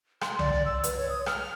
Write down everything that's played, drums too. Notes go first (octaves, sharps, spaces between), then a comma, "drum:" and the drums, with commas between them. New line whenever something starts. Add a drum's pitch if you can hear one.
C6, drum: rim click
D5, drum: tom C2
E6
B4, drum: hi-hat
C#5
D#6
F6, drum: rim click